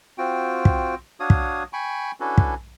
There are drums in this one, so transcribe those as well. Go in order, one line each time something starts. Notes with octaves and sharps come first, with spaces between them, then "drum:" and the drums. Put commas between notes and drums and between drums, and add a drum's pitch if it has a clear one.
C4 F4 F#4 G5
drum: kick
D4 F#4 C#5 F5 D#6
drum: kick
G5 G#5 B5 C#6
C#4 D4 E4 F#4 A4 B4
drum: kick